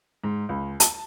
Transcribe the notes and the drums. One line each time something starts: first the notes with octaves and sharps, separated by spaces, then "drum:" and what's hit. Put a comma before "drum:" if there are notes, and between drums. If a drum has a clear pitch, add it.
G#2
C#2
A5, drum: hi-hat